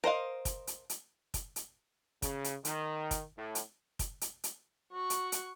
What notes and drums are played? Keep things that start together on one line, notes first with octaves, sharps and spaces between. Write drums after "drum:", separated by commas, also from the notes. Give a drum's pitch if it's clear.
A#4 C5 D#5 F5
drum: kick, hi-hat
drum: hi-hat
drum: hi-hat
drum: kick, hi-hat
drum: hi-hat
C#3, drum: kick, hi-hat
drum: hi-hat
D#3, drum: hi-hat
drum: kick, hi-hat
A2
drum: hi-hat
drum: kick, hi-hat
drum: hi-hat
drum: hi-hat
F#4 C#6
drum: hi-hat
drum: hi-hat